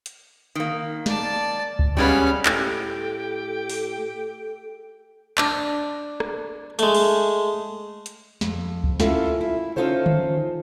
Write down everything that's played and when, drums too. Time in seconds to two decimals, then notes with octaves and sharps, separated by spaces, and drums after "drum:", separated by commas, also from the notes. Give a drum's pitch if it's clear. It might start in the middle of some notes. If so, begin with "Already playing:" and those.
0.06 drum: hi-hat
0.55 D#3 A#3
1.06 D5 A5, drum: snare
1.79 drum: kick C#2
1.97 G3 G#3 B3 C#4 F5 B5
2.46 A2 G4 A4 G5, drum: clap
3.70 drum: open hi-hat
5.38 D4, drum: clap
6.20 drum: rim click
6.79 G#3 A3, drum: hi-hat
6.94 drum: cymbal
8.06 drum: hi-hat
8.41 F2, drum: snare
8.84 drum: kick C#2
9.00 A#3 C#4 E4 F4 A4, drum: snare
9.41 E4
9.76 C#4 D#4 F4 A4 C5 C#5
10.06 drum: tom D3